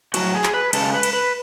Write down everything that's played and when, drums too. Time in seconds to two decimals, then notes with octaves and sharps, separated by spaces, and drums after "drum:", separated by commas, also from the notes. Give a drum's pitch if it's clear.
0.14 A2 F#3 F#4, drum: cymbal
0.34 G#4
0.44 drum: clap
0.54 B4
0.73 C#3 G#3 A4, drum: cymbal
0.94 B4
1.03 drum: cymbal
1.13 B4